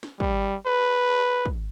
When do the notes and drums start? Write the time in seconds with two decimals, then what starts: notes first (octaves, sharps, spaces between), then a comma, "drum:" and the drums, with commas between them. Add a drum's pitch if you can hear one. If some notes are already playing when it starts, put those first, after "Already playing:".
0.03 drum: snare
0.20 G3, drum: kick
0.66 B4
1.45 drum: kick